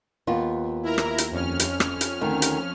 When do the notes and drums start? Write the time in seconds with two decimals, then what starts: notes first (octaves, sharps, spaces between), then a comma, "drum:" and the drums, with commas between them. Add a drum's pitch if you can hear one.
0.27 D#2 B3 F4
0.83 E4 A#4 A#5
0.98 drum: rim click
1.18 drum: hi-hat
1.31 F2 C#4 F6
1.59 drum: hi-hat
1.80 drum: rim click
2.01 drum: hi-hat
2.21 D2 D#3
2.42 drum: hi-hat